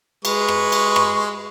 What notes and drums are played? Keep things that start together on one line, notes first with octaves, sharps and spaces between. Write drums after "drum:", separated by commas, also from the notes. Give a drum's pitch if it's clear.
G#3 B4 C#6, drum: cymbal
drum: rim click
drum: cymbal
drum: rim click